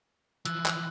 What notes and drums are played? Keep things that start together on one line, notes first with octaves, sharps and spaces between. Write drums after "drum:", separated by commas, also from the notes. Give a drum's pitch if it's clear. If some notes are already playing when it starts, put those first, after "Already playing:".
E3 F3 E6 F#6, drum: hi-hat
drum: clap